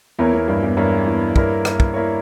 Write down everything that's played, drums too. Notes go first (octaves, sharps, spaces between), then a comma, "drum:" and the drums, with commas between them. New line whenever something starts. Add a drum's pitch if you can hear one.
E2 A#3 E4 A#4 C#5
E2
G2
E2
G2 A#3 E4 A#4 C#5
E2
G2 A#3 E4 A#4 C#5, drum: kick
drum: rim click
drum: kick
A#3 E4 A#4 C#5